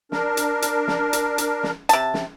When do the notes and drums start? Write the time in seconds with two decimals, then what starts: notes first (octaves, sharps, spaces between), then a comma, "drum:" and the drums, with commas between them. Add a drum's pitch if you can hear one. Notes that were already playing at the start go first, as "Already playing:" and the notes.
0.12 D4 A#4, drum: snare
0.37 drum: hi-hat
0.62 drum: hi-hat
0.88 drum: snare
1.13 drum: hi-hat
1.38 drum: hi-hat
1.63 drum: snare
1.89 C3 A5, drum: hi-hat
2.14 drum: snare